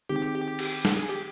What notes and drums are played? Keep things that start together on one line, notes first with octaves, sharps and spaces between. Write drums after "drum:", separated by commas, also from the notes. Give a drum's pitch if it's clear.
D#3 G#3 C4 G4
drum: cymbal
drum: snare
G#4
G4